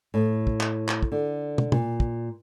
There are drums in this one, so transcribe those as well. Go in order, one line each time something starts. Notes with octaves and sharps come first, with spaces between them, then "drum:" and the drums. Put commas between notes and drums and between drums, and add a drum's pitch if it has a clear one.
A2
drum: kick
drum: clap
drum: clap
drum: kick
D3
drum: tom
A#2, drum: tom
drum: kick